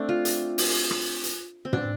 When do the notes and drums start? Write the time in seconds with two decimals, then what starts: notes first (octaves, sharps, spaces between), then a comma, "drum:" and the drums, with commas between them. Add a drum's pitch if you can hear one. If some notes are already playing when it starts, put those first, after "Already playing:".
Already playing: A3 C4 D4
0.09 F4
0.25 drum: hi-hat
0.58 drum: open hi-hat
0.91 drum: rim click
1.24 drum: hi-hat
1.65 C4
1.73 D4, drum: tom